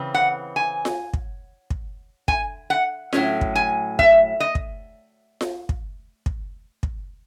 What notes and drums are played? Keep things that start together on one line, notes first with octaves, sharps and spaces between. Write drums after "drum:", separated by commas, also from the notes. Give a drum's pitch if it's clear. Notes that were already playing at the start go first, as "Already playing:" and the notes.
Already playing: C#3 E3 C4
F#5
G#5
drum: snare F4
drum: kick
drum: kick
G#5, drum: kick
F#5
A2 F#3 C#4, drum: snare F4
drum: kick
G#5
E5, drum: kick
D#5
drum: kick
drum: snare F4
drum: kick
drum: kick
drum: kick